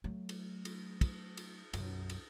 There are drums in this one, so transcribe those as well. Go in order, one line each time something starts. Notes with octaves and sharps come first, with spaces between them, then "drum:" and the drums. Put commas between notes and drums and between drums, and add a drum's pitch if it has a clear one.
F#3 A3
drum: cymbal
drum: cymbal
drum: kick, cymbal
drum: cymbal
B1 F#2, drum: cymbal
drum: cymbal